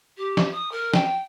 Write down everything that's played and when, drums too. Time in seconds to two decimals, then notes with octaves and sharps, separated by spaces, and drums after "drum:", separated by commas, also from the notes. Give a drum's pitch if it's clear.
0.17 G4
0.37 drum: snare
0.52 D#6
0.71 A#4
0.94 G5, drum: snare